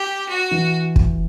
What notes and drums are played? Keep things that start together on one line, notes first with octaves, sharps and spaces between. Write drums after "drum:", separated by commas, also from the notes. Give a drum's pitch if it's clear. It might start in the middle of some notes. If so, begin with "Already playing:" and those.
Already playing: G4
F#4
E3
drum: kick